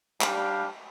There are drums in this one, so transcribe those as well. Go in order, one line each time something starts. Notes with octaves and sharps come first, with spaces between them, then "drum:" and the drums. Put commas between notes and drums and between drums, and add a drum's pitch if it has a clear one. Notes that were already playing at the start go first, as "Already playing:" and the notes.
G3 D4 G4 F5, drum: clap